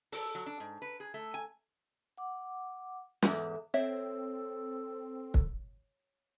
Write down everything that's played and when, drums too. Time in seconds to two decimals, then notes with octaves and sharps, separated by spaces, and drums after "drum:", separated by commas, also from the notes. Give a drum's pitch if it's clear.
0.12 A4, drum: open hi-hat
0.35 F#3
0.46 D4
0.60 G#2
0.82 B4
1.00 G#4
1.14 A3
1.34 G#5
2.18 F#5 D6
3.22 E2 G#2 A4 E5, drum: snare
3.74 C4 A4 C#5 E5
5.34 drum: kick